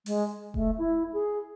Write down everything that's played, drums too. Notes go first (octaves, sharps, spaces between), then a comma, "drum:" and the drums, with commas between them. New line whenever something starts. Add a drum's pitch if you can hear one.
G#3, drum: open hi-hat
A3, drum: kick E1
E4
G#4